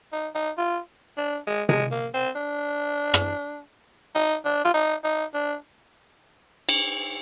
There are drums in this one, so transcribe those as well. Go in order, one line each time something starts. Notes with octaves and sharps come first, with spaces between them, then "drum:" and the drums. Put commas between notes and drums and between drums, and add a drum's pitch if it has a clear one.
D#4
D#4
F4
D4
G#3
G#3, drum: tom C3
A#3
C4
D4
drum: rim click
D#4
D4
F4
D#4
D#4
D4
drum: cymbal